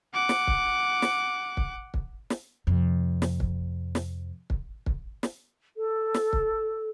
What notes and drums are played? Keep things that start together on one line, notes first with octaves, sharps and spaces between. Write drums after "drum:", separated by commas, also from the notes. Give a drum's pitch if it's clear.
F#5 D6
drum: snare
drum: kick
drum: snare
drum: kick
drum: kick
drum: snare
F2 C3
drum: snare
drum: kick
drum: snare
drum: kick
drum: kick
drum: snare
A4
drum: snare
drum: kick